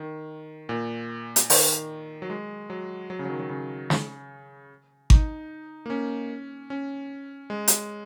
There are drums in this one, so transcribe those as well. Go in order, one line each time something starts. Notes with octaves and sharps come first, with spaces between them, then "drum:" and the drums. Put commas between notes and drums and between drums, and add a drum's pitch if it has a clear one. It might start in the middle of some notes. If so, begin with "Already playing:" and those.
Already playing: D#3
A#2
drum: hi-hat
D#3, drum: open hi-hat
F#3
G#3
F#3
F#3
C#3
F#3
D#3
F#3
C#3
drum: snare
D#4, drum: kick G#1
A#3
C#4
C#4
G#3
drum: hi-hat